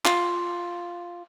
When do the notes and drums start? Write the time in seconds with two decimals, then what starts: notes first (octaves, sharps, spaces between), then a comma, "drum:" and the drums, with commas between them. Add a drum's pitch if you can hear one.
0.05 F4, drum: clap